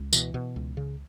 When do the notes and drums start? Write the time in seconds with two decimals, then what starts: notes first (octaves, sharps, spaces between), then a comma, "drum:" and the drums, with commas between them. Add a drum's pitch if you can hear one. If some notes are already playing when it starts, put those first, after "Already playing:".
Already playing: C#2
0.13 B2 E3, drum: tambourine
0.34 B2
0.56 C#2
0.77 C#3